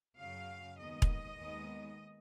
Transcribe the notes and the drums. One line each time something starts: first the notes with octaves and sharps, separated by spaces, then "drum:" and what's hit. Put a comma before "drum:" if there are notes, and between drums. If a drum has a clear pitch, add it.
F#2 C#3 F#3 F5
D#2 D#3 G#3 B3 D#5
drum: kick E1
D#2 D#3 G#3 B3